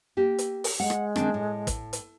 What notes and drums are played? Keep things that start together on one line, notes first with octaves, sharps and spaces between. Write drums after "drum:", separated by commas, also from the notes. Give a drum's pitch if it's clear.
A#3 G4
drum: hi-hat
drum: open hi-hat
G#3 F#5
drum: rim click
D#3 C4 D4, drum: rim click
A2
drum: kick, hi-hat
drum: hi-hat